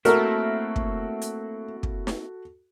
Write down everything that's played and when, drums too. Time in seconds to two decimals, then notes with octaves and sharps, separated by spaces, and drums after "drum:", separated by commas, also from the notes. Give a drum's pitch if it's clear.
0.05 A3 A#3 C4 E4 F#4 A4 A#4, drum: hi-hat
0.76 drum: kick
1.22 drum: hi-hat
1.83 drum: kick
2.07 drum: snare